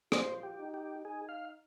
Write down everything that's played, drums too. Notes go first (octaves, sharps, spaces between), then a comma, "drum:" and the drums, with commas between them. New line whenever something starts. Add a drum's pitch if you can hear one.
F4 C5, drum: rim click
G4
D#4
G4
D#4 G#4
F5